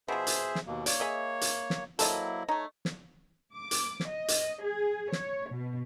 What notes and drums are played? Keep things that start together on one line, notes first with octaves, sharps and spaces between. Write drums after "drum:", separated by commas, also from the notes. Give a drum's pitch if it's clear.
B2 F3 G#4 C5 E5
drum: hi-hat
drum: snare
D#2 B2 A#3
A#3 C#5 D5, drum: hi-hat
G#4 D#5 E5
drum: hi-hat
drum: snare
F#3 A#3 E4 A4 C5 D#5, drum: hi-hat
A3 D#4 C#5
drum: snare
D6
drum: hi-hat
drum: snare
D#5
drum: hi-hat
G#4
C#5, drum: snare
B2